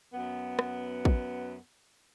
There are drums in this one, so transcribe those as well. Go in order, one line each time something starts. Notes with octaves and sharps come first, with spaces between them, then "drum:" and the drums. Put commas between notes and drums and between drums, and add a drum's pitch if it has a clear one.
F#2 B3
drum: rim click
drum: kick